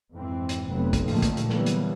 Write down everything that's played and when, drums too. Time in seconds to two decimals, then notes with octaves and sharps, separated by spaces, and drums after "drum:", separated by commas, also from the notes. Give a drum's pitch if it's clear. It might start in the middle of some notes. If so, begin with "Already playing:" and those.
0.14 F2 G#2 E3 C4
0.49 drum: hi-hat
0.70 F1 C3 F#3 B3 C4
0.93 drum: kick, hi-hat
1.08 A#2 D3 D#3 F3 A3 C4, drum: open hi-hat
1.22 drum: kick, hi-hat
1.37 drum: hi-hat
1.49 D3 E3 F#3 G3 A#3 B3, drum: snare
1.66 drum: hi-hat